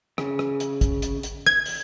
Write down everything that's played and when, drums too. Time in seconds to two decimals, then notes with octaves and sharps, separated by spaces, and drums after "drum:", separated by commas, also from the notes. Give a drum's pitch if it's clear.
0.18 C#3, drum: rim click
0.39 drum: rim click
0.60 drum: hi-hat
0.81 drum: kick, hi-hat
1.02 drum: hi-hat
1.23 drum: hi-hat
1.46 G#6, drum: rim click
1.66 drum: open hi-hat